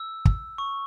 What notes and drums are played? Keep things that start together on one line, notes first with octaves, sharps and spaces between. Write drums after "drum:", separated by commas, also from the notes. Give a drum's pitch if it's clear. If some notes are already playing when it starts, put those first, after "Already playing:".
Already playing: E6
drum: kick
C#6